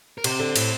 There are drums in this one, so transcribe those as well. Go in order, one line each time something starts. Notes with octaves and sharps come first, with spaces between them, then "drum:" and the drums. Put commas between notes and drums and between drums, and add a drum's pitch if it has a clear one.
A#4
C3 C5, drum: cymbal
D3
A2, drum: cymbal